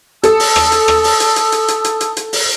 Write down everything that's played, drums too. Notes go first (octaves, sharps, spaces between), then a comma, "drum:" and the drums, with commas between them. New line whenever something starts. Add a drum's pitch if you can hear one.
A4 A5 D#6 E6, drum: hi-hat
drum: open hi-hat
drum: rim click
drum: hi-hat
drum: rim click
drum: open hi-hat
drum: hi-hat
drum: hi-hat
drum: hi-hat
drum: hi-hat
drum: hi-hat
drum: hi-hat
drum: hi-hat
drum: open hi-hat